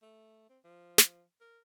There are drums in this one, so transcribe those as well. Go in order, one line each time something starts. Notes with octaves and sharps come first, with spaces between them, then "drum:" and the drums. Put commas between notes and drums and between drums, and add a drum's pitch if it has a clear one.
A3
C4
F3
drum: snare
A#4